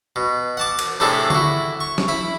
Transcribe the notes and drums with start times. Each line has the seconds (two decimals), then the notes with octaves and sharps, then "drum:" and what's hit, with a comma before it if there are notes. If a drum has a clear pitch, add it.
0.16 B2
0.57 F#5 A5 D6
0.79 drum: cymbal
1.00 A2 C3 A3 D4 E4 G#4
1.30 E4 F#4, drum: tom D3
1.80 C#6
1.98 drum: snare
2.08 E4 B5